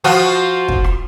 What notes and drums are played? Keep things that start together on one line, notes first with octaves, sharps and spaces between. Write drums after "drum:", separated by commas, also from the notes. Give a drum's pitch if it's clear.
F3 F4 F#4
drum: kick
drum: rim click